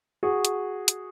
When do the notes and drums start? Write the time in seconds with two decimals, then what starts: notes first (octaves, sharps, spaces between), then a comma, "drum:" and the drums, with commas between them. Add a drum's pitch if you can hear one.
0.23 F#4 G#4
0.45 drum: hi-hat
0.88 drum: hi-hat